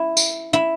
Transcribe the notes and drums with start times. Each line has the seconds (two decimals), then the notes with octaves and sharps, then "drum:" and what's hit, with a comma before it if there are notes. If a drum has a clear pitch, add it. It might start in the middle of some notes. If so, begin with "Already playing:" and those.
Already playing: E4
0.17 drum: tambourine
0.53 E4